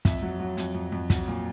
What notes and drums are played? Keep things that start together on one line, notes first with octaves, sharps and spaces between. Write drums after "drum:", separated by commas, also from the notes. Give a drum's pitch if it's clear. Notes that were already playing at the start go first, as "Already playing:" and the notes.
F2 E5, drum: kick, hi-hat
F#3
F#3
F2, drum: hi-hat
F2
F2
F#3, drum: kick, hi-hat
A#2